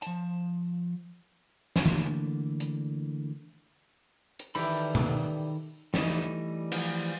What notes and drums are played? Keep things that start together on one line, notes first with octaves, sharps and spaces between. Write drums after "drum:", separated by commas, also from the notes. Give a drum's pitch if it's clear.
F3 A5, drum: hi-hat
drum: snare
D3 E3 A3 A#3
drum: hi-hat
drum: hi-hat
D#3 E3 G3 A4 B5, drum: open hi-hat
drum: tom B2
E3 G3 A3 D#4, drum: snare
F3, drum: cymbal